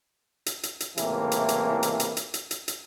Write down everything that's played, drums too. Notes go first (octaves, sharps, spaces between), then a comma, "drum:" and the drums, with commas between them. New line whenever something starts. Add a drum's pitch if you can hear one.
drum: hi-hat
drum: hi-hat
drum: hi-hat
C#2 A2 C3 E3 A#3 E4, drum: hi-hat
drum: hi-hat
drum: hi-hat
drum: hi-hat
drum: hi-hat
drum: hi-hat
drum: hi-hat
drum: hi-hat
drum: hi-hat